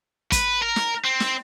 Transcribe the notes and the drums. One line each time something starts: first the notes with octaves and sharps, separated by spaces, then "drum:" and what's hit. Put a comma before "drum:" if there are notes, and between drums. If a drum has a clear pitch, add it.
B4, drum: kick, hi-hat
A#4
drum: snare
C4
drum: snare